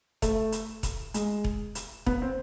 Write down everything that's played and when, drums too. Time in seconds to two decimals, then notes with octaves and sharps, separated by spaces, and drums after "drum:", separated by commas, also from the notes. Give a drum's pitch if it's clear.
0.22 A3, drum: kick E1, hi-hat
0.52 drum: hi-hat
0.83 drum: kick E1, hi-hat
1.14 G#3, drum: hi-hat
1.44 drum: kick E1
1.75 drum: hi-hat
2.06 B3, drum: kick E1
2.22 C4